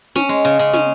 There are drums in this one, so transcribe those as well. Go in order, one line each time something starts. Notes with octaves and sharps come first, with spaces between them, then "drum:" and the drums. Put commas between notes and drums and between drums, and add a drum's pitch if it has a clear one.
C#4, drum: snare
G#3
C#3
C#3
C#4, drum: snare